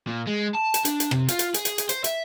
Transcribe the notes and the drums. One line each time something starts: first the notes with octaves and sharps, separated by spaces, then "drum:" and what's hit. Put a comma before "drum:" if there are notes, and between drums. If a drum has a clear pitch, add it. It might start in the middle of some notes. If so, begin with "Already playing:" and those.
A#2
G#3
A5
drum: hi-hat
D4, drum: hi-hat
drum: hi-hat
C3, drum: rim click
F4, drum: hi-hat
drum: hi-hat
G#4, drum: hi-hat
drum: hi-hat
drum: hi-hat
C5, drum: hi-hat
E5, drum: hi-hat